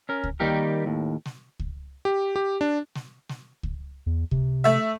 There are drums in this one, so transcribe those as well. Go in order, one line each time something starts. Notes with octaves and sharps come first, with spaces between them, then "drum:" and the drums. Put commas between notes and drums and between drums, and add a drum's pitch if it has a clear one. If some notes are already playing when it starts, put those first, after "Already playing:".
C#4 A#4
drum: kick C#2
D#3 G3 A#3 D#4 G4 A#4
D#2 A2
drum: snare
drum: kick C#2
G4
G4
D4
drum: snare
drum: snare
drum: kick C#2
E2
C3, drum: kick C#2
A3 E5